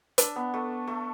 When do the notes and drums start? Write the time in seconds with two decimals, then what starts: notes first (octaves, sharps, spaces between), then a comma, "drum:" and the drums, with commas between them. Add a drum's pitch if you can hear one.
0.18 D4, drum: hi-hat
0.36 B3
0.54 A3
0.88 A3